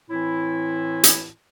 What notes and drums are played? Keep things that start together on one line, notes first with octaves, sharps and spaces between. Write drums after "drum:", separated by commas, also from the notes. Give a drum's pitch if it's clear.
A2 E3 C4 E4
drum: hi-hat